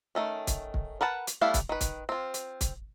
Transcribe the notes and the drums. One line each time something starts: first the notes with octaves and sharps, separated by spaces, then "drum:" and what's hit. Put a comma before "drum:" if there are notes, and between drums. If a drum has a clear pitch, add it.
D#3 A3 C#4
drum: kick, hi-hat
drum: kick
A#4 B4 F#5 A5
drum: hi-hat
G3 A3 B3 E4 F5
drum: kick, hi-hat
D#3 B4
drum: kick, hi-hat
C4 F4
drum: hi-hat
drum: kick, hi-hat